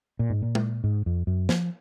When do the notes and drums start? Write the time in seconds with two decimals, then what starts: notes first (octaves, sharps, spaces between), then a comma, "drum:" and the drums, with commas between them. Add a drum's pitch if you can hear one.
0.19 A#2
0.30 G#2
0.42 A#2
0.55 drum: tom G#3
0.84 G#2
1.06 F2
1.27 F#2
1.49 F3, drum: snare